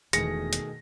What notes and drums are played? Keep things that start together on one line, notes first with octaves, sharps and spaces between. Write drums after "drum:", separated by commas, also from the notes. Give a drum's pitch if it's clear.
E1 E2 B2 D#3 A3 G#4 A#6 C#7, drum: hi-hat
drum: hi-hat